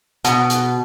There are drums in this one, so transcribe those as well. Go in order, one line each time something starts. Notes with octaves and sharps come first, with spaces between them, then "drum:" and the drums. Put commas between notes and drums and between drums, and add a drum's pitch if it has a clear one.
B2, drum: hi-hat
drum: hi-hat